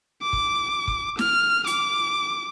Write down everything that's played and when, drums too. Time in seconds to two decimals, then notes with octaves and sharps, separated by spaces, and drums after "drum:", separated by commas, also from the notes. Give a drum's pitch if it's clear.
0.22 D6
0.33 drum: kick
0.88 drum: kick
1.19 F6, drum: snare
1.67 D6, drum: hi-hat